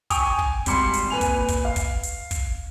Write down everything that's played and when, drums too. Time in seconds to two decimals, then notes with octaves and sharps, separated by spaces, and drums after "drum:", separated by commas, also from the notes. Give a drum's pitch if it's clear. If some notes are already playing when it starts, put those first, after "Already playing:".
0.10 G5 G#5 C#6 D#6 F7, drum: kick, hi-hat
0.26 G#5
0.39 drum: kick
0.66 G#1 G3 B5 C6 C#7, drum: kick, hi-hat
0.93 drum: hi-hat
1.10 A#2 B4 G#5 F7
1.21 drum: kick, hi-hat
1.48 drum: kick, hi-hat
1.65 F5
1.76 drum: kick, hi-hat
2.03 drum: hi-hat
2.31 drum: kick, hi-hat